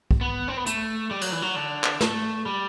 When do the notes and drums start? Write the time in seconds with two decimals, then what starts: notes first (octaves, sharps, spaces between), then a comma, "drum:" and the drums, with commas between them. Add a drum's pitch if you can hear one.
0.11 drum: kick
0.21 B3
0.48 C4
0.57 B3
0.66 A3, drum: hi-hat
1.11 G3
1.21 F#3, drum: cymbal
1.32 E3
1.42 F#3
1.56 D3
1.84 drum: clap
2.01 A3, drum: snare
2.46 G3